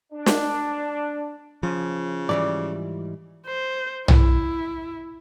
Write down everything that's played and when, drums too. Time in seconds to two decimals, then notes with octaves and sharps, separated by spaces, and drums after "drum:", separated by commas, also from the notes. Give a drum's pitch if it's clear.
0.13 D4
0.26 drum: snare
1.63 C#3 F3
2.29 G#2 E3 G3 D5
3.46 C5
4.08 E4, drum: tom B1